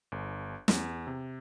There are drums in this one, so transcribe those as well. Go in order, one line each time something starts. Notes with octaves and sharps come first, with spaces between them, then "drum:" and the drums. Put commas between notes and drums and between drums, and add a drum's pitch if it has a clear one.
G1
E2, drum: snare
C3